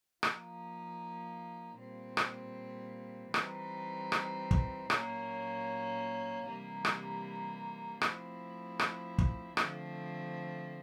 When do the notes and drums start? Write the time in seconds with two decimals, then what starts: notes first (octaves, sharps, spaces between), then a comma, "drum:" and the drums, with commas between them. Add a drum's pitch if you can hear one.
0.23 F3 A#3 D#4, drum: rim click
1.78 A#2 G3 C4
2.17 drum: rim click
3.34 E3 G3 C4 D#4, drum: rim click
4.12 drum: rim click
4.51 drum: kick
4.90 A#2 F#3 A#3 C#4, drum: rim click
6.46 C3 E3 G3 A#3 D#4
6.85 drum: rim click
8.01 F3 A3 C4 E4, drum: rim click
8.79 drum: rim click
9.18 drum: kick
9.57 D3 F3 A3 C4, drum: rim click